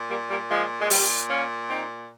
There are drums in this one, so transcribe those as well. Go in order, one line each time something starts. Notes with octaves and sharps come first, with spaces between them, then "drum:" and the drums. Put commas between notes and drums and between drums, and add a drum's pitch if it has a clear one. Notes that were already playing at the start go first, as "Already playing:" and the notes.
Already playing: A#2
G3 A#3
G3 A#3
F3 G#3
G#3
G3, drum: open hi-hat
A#3 C#4
C4 D#4